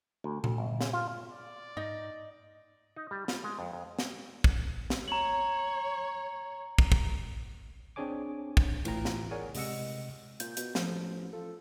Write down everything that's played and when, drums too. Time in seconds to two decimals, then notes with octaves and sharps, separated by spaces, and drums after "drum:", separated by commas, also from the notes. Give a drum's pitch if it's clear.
0.24 D2
0.44 D2, drum: tom A#2
0.58 G1
0.81 C#3, drum: snare
0.93 F4
1.32 D5
1.77 G#2 D#4 D#5
2.96 D#4
3.11 G3
3.28 F4, drum: snare
3.44 G#3
3.59 F2
3.73 F2
3.99 drum: snare
4.44 drum: kick
4.90 drum: snare
5.08 C#5 A#5 F#7
6.78 drum: kick
6.92 drum: kick
7.96 C4 D4 G#4 C#5 G#5 D6
8.57 drum: kick
8.85 A2 E3 F4 G5 A#5, drum: cymbal
9.05 drum: snare
9.31 G#4 A#4 C#5 D5 F#5 G#5
9.55 C3 G#3 D#5 F#5 E6 C#7, drum: open hi-hat
10.40 A#2 G6, drum: hi-hat
10.57 B2, drum: hi-hat
10.75 A1 F3, drum: snare
11.33 F3 A4